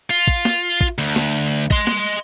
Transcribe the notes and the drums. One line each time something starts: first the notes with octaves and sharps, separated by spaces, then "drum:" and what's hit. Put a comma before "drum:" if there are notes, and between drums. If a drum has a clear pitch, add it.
F4
drum: kick
drum: snare
drum: kick
D2
drum: snare
D#5 C6, drum: kick
drum: snare